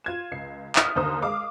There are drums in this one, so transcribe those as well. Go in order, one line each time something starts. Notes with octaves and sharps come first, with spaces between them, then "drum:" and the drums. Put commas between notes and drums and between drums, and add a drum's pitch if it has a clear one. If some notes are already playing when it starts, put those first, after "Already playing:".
F4 G#6 E7
C#2 C7
E5 D#6 F6, drum: clap
D#2 D3 C5 A#5 D#6 E7
G#3 F5 D6